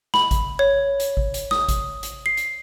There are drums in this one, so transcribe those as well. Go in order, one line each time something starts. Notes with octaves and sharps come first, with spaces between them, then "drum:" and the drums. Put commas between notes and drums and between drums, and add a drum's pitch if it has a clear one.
B5, drum: snare
drum: kick G#1, hi-hat
C#5
drum: hi-hat
drum: kick G#1
drum: hi-hat
D#6, drum: snare
drum: kick G#1, hi-hat
drum: hi-hat
C7
drum: hi-hat